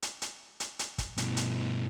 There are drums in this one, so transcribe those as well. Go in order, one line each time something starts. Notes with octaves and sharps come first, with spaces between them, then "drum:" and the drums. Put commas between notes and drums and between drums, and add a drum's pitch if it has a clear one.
drum: hi-hat
drum: hi-hat
drum: hi-hat
drum: hi-hat
drum: kick, hi-hat
G2 B2, drum: hi-hat
drum: hi-hat